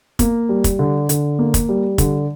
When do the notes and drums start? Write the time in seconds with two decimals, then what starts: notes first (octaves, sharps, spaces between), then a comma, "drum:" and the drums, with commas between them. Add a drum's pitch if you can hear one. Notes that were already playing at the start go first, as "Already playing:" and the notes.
0.19 A#3, drum: kick, hi-hat
0.49 G3
0.64 drum: kick, hi-hat
0.79 D3
1.09 D3, drum: hi-hat
1.39 A#3
1.54 drum: kick, hi-hat
1.69 G3
1.98 D3, drum: kick, hi-hat